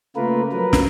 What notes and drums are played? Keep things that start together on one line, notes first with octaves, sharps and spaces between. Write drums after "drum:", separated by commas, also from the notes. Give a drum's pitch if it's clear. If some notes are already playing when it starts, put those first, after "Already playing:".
C#3 A3 A#3 F4 A#4 B4
F3 F#3 A#4 B4
drum: snare